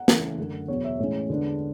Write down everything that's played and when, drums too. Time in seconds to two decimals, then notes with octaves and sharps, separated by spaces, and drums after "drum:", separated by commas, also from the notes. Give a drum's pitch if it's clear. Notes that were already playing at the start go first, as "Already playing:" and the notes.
Already playing: F#5
0.08 C#3 E3 A3 C#4, drum: snare
0.38 F#2 D3 A3
0.68 E2 B2 F#3 C#5
0.84 E5
0.99 A2 E3 G#3 C#4 C#5
1.29 E2 D3 G#3 B3 D4